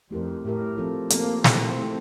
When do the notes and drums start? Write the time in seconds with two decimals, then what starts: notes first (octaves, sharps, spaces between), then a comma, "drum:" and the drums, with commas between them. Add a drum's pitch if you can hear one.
0.10 F2 A3 E4 G4 A#4
0.44 A2 A3 E4 G4 A#4
0.78 F3 C4 F4 A4
1.10 F3 A#3 C4 F4 A4, drum: hi-hat
1.44 A3 C4 E4 A4, drum: snare
1.78 A3 E4 A4